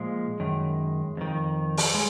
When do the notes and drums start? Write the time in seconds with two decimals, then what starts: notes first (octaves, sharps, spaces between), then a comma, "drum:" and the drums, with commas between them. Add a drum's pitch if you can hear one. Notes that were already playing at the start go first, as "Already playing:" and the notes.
Already playing: A#2 F3 G#3
0.40 F#2 D#3
1.17 F2 D#3
1.77 drum: open hi-hat
1.94 G#3